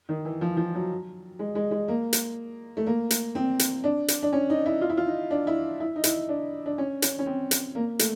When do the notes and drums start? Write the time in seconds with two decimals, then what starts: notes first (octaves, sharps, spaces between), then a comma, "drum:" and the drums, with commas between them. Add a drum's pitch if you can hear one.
0.09 D#3
0.25 E3
0.41 F3
0.57 F3
0.75 F#3
1.39 G#3
1.55 G#3
1.71 G#3
1.88 A#3
2.13 drum: hi-hat
2.77 A3
2.86 A#3
3.10 drum: hi-hat
3.35 C4
3.59 drum: hi-hat
3.84 D4
4.08 drum: hi-hat
4.23 D4
4.33 C#4
4.50 D#4
4.66 E4
4.82 F4
4.90 E4
4.97 F4
5.07 D#4
5.31 D4
5.47 E4
5.80 E4
5.96 D#4
6.04 E4, drum: hi-hat
6.29 D4
6.66 D4
6.78 C#4
7.02 C#4, drum: hi-hat
7.19 C#4
7.26 C4
7.51 drum: hi-hat
7.75 A#3
7.99 A3, drum: hi-hat